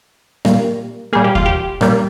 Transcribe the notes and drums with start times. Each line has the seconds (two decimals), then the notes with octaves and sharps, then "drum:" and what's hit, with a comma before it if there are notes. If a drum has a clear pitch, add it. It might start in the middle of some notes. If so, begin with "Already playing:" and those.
0.45 A#2 G3 A#3, drum: rim click
1.13 A#2 G3 A#3 G#4
1.24 G4
1.35 F4, drum: kick D#2
1.46 G4
1.81 A#2 G3 A#3, drum: rim click